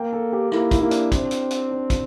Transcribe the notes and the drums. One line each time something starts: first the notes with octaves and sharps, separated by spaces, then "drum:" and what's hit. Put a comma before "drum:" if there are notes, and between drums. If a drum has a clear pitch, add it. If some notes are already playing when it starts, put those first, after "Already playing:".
Already playing: A#3 G5
A4
G4
A#3 E4, drum: rim click
E4, drum: kick, hi-hat
A#3 E4
D4, drum: hi-hat
C4, drum: kick, hi-hat
drum: hi-hat
drum: hi-hat
D4
drum: kick, hi-hat